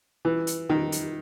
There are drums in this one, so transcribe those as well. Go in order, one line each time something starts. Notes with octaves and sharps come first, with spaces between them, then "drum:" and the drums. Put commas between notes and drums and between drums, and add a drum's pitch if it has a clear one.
E3
drum: hi-hat
D#3
drum: hi-hat